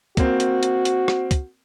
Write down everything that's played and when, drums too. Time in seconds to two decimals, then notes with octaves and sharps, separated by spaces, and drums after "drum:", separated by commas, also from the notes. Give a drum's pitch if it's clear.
0.17 A#3 C4 F#4, drum: kick, hi-hat
0.40 drum: hi-hat
0.63 drum: hi-hat
0.85 drum: hi-hat
1.08 drum: rim click
1.31 drum: kick, hi-hat